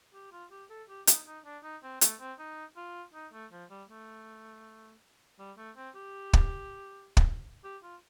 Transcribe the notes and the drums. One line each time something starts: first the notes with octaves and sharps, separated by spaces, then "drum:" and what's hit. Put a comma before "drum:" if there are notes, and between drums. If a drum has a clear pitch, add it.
G4
F4
G4
A4
G4
D#4, drum: hi-hat
D#4
D4
D#4
C4
A3, drum: hi-hat
C4
D#4
F4
D#4
A3
F3
G3
A3
G3
A3
C4
G4
drum: kick
drum: kick
G4
F4